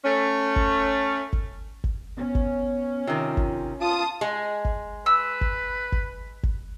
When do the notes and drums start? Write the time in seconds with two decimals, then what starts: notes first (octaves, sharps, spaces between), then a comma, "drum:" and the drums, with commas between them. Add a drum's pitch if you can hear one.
0.05 A3 C#4
0.56 drum: kick G1
1.33 drum: kick G1
1.84 drum: kick G1
2.17 B3 C#4
2.35 drum: kick G1
3.07 C3 D#3 F4
3.37 drum: kick G1
3.80 F4 A5 D#6
4.21 G#3
4.65 drum: kick G1
5.06 B4 E6
5.41 drum: kick G1
5.92 drum: kick G1
6.43 drum: kick G1